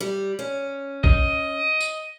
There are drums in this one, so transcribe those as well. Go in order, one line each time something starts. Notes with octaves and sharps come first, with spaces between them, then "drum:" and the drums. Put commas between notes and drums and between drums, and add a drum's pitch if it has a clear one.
G3
C#4
D#5, drum: kick A#1
drum: tambourine